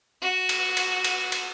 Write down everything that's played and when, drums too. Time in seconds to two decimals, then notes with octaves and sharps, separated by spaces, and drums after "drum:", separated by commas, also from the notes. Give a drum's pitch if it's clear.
0.22 F#4
0.49 drum: cymbal
0.77 drum: cymbal
1.04 drum: cymbal
1.32 drum: cymbal